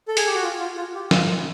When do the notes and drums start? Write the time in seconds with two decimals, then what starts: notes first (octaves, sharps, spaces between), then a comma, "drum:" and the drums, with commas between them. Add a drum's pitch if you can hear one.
0.08 A4
0.17 G#4, drum: hi-hat
0.26 G4
0.34 F#4
0.43 F4
0.60 F4
0.77 F4
0.95 G4
1.11 F4, drum: snare